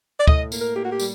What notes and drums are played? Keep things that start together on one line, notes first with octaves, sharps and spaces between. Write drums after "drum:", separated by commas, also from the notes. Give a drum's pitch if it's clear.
D5
A2 D#5, drum: kick
A#3, drum: tambourine
A#4
A2 G4
F#4
G4
G3, drum: tambourine